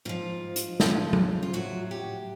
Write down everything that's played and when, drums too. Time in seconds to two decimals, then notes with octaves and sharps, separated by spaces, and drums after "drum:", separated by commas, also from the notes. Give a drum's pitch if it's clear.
0.05 G#2 F3 F4
0.56 drum: hi-hat
0.80 E2 C#3 F3, drum: snare
1.13 drum: tom F#3
1.43 F4
1.53 A2 F#3 F#4
1.91 G4